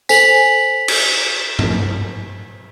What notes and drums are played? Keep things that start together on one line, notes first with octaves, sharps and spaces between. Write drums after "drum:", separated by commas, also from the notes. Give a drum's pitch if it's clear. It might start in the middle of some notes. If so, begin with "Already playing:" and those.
A4 C5 G#5 B6 F7 F#7, drum: tambourine
drum: cymbal
drum: tom G2